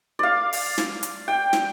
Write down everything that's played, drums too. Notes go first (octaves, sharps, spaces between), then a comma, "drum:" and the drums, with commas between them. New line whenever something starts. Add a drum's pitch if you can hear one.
D5 F5
drum: open hi-hat
drum: snare
drum: hi-hat
G5
drum: snare